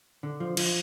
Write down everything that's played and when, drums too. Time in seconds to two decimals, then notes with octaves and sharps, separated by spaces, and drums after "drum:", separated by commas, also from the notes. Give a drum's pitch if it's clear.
0.23 D3
0.40 F3
0.57 F3, drum: cymbal